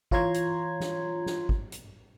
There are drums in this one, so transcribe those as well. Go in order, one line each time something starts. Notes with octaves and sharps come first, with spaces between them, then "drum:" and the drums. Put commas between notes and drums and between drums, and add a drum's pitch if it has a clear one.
E3 F4 C#5 A#5 C6 G#6, drum: kick
drum: hi-hat
drum: snare
drum: snare
drum: kick
drum: hi-hat